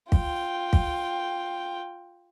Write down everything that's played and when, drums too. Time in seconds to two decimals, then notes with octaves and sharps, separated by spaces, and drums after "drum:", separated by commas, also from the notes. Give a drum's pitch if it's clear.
0.12 F4 G5, drum: kick
0.73 drum: kick